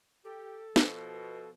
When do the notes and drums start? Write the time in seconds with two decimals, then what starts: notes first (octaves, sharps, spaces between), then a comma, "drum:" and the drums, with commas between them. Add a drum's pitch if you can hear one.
0.24 G4 A4
0.76 B2 F3, drum: snare